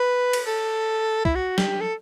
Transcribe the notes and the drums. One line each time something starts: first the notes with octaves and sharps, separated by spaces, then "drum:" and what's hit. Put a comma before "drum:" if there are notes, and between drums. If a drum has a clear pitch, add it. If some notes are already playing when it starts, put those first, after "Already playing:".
Already playing: B4
drum: cymbal
A4
E4, drum: kick C2
F#4
G4, drum: snare
A4